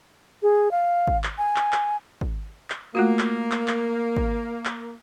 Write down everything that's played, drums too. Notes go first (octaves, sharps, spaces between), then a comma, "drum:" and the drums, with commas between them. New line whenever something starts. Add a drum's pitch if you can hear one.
G#4
F5
drum: kick
drum: clap
G#5
drum: clap
drum: clap
drum: kick
drum: clap
A3 A#3 F4 F#4
drum: clap
drum: clap
drum: clap
drum: kick
drum: clap